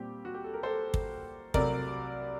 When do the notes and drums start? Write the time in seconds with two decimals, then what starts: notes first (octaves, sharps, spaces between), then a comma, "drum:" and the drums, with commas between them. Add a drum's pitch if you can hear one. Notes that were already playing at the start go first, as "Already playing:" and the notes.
Already playing: A#2 G3 C4 G4
0.25 F#4
0.34 G4
0.44 A4
0.54 A#4
0.63 A4 C5
0.94 drum: kick
1.54 C2 C3 F#3 A3 A#4 D5, drum: kick